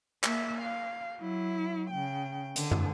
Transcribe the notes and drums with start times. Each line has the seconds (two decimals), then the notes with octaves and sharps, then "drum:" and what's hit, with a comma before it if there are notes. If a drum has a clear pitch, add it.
0.23 A#3 E5, drum: clap
0.62 F5
1.18 F#3 E4
1.91 C#3 G5
2.56 D3, drum: hi-hat
2.71 drum: tom